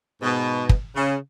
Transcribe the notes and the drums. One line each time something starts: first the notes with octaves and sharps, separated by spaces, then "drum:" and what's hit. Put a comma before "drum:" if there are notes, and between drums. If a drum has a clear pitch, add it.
G#2 B2
drum: kick
C#3